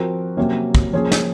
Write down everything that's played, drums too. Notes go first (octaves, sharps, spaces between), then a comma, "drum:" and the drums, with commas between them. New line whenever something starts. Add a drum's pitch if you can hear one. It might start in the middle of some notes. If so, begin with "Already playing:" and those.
Already playing: F3 C4 F#4 A#4
C3 F#3 A#3 C#4
drum: kick
F3 A#3 C#4 G#4
drum: snare